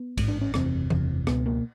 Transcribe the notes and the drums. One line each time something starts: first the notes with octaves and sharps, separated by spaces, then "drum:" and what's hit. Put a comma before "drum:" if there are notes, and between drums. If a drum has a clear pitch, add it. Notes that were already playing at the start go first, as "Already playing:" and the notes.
Already playing: B3
A1 G#2, drum: kick, cymbal
D4
C#4
F#1 E2 C3 C4, drum: rim click
F#1 E2 C3, drum: tom
C#2 B2 B3, drum: rim click
A#3